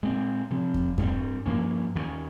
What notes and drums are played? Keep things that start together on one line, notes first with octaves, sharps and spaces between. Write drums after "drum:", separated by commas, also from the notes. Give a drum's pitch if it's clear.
A#2 G#3 C4
C3 F3 C4
drum: kick E2
G2 G3 C4, drum: kick E2
G2 F3 A#3 C#4
D#2 D#3 G#3 C#4